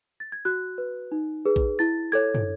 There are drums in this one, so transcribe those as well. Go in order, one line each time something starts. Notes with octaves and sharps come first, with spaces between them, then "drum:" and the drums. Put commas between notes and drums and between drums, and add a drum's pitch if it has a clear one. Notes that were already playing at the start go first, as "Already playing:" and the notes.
A6
G#6
F#4 F#6
B4
D#4
G#4 B4
drum: kick A#1
E4 A6
A4 C#5 G#6
drum: tom